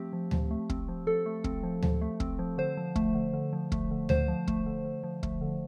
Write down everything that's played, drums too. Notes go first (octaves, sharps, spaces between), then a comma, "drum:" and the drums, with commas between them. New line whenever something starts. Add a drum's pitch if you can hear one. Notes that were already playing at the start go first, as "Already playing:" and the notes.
Already playing: F3 A3 C4 G4
F3
F3, drum: tom D2
A3
C4, drum: kick
F3
F3 A4
A3
C4, drum: kick
F3
F3, drum: tom D2
A3
C4, drum: kick
F3
D3 C5
F3
A3, drum: kick
D3
D3
F3
A3, drum: kick
D3
D3 C5, drum: tom D2
F3
A3, drum: kick
D3
D3
F3
A3, drum: kick
D3